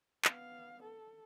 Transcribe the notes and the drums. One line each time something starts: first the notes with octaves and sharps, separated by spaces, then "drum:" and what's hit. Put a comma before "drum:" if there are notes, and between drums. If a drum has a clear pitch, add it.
B3 F5, drum: clap
A4